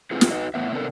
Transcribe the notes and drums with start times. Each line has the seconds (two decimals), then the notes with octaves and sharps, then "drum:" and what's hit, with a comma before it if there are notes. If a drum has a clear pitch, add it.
0.11 A3 C4 E4 F4 G#4 B4
0.21 drum: snare
0.31 D#4 F#4 B4 D#5
0.54 A2 B3 E5
0.72 C3 B3 C4 D4 A4 A#4